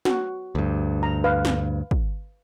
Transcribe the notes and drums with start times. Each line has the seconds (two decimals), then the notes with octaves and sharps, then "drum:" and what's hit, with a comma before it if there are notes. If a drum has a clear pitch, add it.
0.05 F#4, drum: snare
0.55 D2 G2
1.03 A#5
1.24 B4 F5
1.45 drum: snare
1.91 drum: kick